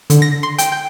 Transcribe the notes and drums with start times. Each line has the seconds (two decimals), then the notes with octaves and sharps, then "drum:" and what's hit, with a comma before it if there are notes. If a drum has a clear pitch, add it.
0.10 D3, drum: hi-hat
0.22 A#6
0.43 C6
0.58 G5, drum: hi-hat
0.72 G5